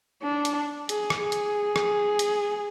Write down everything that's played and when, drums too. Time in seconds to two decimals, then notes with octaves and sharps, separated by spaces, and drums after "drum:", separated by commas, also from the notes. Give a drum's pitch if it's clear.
0.23 D4
0.45 drum: hi-hat
0.89 G#4, drum: hi-hat
1.10 drum: rim click
1.21 G#4
1.32 drum: hi-hat
1.76 drum: rim click
2.19 drum: hi-hat